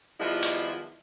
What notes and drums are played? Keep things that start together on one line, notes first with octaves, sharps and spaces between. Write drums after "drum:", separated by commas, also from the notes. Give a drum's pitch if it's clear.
D#3 F3 G3 G#3 B3 E4
drum: hi-hat